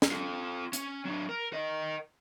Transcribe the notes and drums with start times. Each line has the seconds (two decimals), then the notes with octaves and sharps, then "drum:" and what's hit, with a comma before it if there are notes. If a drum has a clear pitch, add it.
0.02 drum: snare
0.11 F4 A4
0.73 C#4, drum: hi-hat
1.05 F#3 D4
1.29 A#4
1.53 A#4 D#5